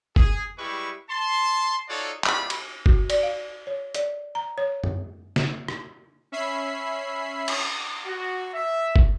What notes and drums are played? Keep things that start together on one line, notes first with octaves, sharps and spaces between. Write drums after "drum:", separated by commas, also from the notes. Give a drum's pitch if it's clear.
G#4, drum: kick
G3 G#3 E4 G4 B4 C#6
A5 C6
D#4 F4 F#4 A4 C#5 D5
F4 G4 D5 B5, drum: clap
drum: cymbal
F#4, drum: kick
D5, drum: cymbal
F5
C#5
D5, drum: hi-hat
A#5
C#5
drum: tom F#2
drum: snare
drum: rim click
C#4 E5 B5 C7
drum: cymbal
F#4
E5
drum: kick